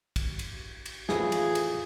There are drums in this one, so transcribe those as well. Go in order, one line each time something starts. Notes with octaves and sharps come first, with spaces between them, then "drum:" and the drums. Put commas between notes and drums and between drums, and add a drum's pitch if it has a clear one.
drum: kick, cymbal
drum: cymbal
drum: cymbal
A1 F2 E3 F4 G#4, drum: snare
drum: cymbal
drum: cymbal